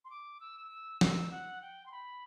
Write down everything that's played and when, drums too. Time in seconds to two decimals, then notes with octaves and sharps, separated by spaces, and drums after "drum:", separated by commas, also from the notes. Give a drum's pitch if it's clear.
0.05 C6
0.10 D6
0.40 E6
0.71 E6
1.01 E6, drum: snare
1.31 F#5
1.62 G5
1.86 C6
1.92 B5